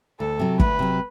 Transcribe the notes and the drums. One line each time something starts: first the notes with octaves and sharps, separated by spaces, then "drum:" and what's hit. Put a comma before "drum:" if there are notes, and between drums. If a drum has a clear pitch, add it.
D2 A4
C3 F#3
D2 B4, drum: kick
C3 F#3